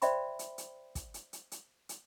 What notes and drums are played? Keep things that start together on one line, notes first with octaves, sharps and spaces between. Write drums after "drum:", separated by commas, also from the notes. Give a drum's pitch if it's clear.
C5 D5 E5 G5 B5 C6, drum: hi-hat
drum: hi-hat
drum: hi-hat
drum: kick, hi-hat
drum: hi-hat
drum: hi-hat
drum: hi-hat
drum: hi-hat